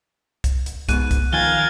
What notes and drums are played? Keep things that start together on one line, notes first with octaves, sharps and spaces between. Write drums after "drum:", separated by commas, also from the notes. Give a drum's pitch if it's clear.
drum: kick, hi-hat
drum: hi-hat
G#2 B2 F#6 D#7, drum: kick, hi-hat
drum: kick, hi-hat
D#3 F3 A#4 F5 G#5 G#6 A6 G7